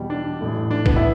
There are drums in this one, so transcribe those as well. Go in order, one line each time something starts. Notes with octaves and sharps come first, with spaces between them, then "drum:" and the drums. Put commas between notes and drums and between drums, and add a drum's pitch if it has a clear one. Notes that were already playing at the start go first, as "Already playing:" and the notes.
Already playing: E2 B2 G3
D4
A1 A2 A3
D4
B3, drum: kick
E4